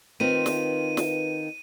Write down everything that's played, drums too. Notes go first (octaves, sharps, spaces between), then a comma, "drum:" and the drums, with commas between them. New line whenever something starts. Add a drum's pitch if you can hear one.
D#3 C4 F4 B4 D#7
drum: snare
drum: snare